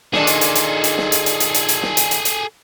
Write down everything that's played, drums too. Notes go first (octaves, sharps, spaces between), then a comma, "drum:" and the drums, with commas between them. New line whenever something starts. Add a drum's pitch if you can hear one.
A#2 D#3 D4 G#4 A4, drum: snare
drum: hi-hat
drum: hi-hat
drum: hi-hat
drum: hi-hat
drum: snare
drum: hi-hat
drum: hi-hat
drum: hi-hat
drum: hi-hat
drum: hi-hat
drum: snare
drum: hi-hat
drum: hi-hat
drum: hi-hat